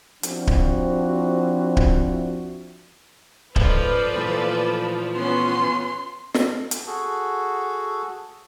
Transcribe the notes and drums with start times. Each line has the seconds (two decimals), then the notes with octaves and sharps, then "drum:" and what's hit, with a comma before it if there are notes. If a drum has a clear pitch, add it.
0.23 F3 C4 D4 E4 F#4, drum: hi-hat
0.47 drum: kick D1
1.77 drum: kick D1
3.56 E2 G#2 F3 C#4 A4 B4 D5, drum: kick D1
4.14 A#2 E3 A3
5.16 B3 C#4 C6
6.34 drum: snare
6.71 drum: hi-hat
6.87 F#4 G#4 A4